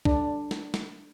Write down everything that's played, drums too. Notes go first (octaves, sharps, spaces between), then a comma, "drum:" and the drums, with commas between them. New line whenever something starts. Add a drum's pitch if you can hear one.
D4, drum: kick
drum: snare
drum: snare